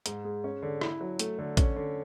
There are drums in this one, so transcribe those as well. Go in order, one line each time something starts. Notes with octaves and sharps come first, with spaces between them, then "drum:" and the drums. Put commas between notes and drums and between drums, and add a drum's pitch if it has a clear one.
G#2, drum: hi-hat
G#3
C#4
D3
E4, drum: rim click
F#3
A3, drum: hi-hat
D3
C#4, drum: kick, hi-hat
D3